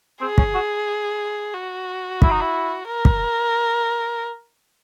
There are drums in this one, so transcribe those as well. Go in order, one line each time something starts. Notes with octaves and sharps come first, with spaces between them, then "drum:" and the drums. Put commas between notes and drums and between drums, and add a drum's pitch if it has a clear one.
C4 G#4
C#4, drum: kick
F#4
F#4
E4, drum: kick
D#4
E4
A#4
drum: kick